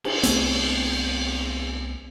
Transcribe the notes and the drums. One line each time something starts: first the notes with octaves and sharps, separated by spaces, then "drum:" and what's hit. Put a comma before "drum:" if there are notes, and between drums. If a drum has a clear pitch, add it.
drum: cymbal
C2 A3 B3 C4, drum: hi-hat